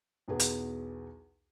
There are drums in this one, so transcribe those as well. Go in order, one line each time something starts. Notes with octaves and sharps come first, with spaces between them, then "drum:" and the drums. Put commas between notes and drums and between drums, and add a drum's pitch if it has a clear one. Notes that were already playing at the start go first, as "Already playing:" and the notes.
B1 E2 G#4 B4
drum: hi-hat